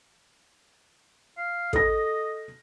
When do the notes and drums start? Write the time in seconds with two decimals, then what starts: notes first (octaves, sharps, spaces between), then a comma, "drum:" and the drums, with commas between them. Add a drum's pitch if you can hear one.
1.37 F5
1.73 A4 D#5 A#6, drum: kick